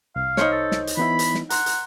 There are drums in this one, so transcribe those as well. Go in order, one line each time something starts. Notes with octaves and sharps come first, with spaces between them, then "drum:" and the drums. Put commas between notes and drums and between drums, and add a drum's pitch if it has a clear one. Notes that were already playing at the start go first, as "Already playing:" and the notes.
C2 F5
D#4 C5 C#5, drum: snare
A4
drum: snare
drum: hi-hat
E3 B3 E4 B5
drum: hi-hat
drum: snare
F#5 A#5 C6, drum: hi-hat
drum: hi-hat